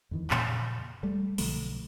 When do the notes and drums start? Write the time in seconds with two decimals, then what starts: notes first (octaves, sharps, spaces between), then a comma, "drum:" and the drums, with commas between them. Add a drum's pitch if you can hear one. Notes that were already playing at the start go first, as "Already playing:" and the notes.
0.11 F2 D#3 E3
0.30 F2 A#2 C#3, drum: clap
1.03 G3 A3
1.38 B1 D3 F3 A3, drum: open hi-hat